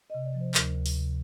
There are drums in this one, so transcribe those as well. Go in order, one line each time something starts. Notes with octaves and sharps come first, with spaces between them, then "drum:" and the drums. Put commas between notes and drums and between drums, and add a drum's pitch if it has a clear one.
C3 D#5
D5
F3
C5
D2 A#4, drum: clap
D2
drum: open hi-hat
C3